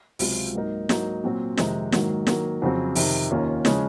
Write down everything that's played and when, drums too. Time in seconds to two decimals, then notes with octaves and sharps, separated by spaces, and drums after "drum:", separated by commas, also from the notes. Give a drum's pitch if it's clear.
0.19 C#2 C3 F#3 C4 F4, drum: open hi-hat
0.54 G#2 F#3 A#3 D#4 A#4
0.89 G#2 F#3 A#3 D#4, drum: snare
1.24 A#2 F#3 C4
1.57 F2 C3 D#3 G#3 D#4, drum: snare
1.92 G#2 D#3 F#3 A#3, drum: snare
2.27 D#3 F#3 A#3, drum: snare
2.62 F2 C#3 F#3 C4
2.95 F2 C3 D#3, drum: open hi-hat
3.31 D#2 D#3 A#3 C#4 F4
3.65 C#3 F3 G#3 C#4, drum: snare